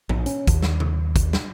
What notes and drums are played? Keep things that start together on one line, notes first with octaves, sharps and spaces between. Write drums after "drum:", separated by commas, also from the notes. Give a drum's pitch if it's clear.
A#1, drum: tom
C#4, drum: hi-hat
D#2, drum: kick G#1, hi-hat
drum: snare
drum: tom C3
drum: kick G#1, hi-hat
drum: snare